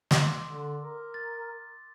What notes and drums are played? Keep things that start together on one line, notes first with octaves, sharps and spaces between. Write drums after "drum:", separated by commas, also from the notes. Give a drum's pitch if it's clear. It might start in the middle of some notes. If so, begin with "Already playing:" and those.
C6 D6 E6, drum: snare
D3
A#4
A6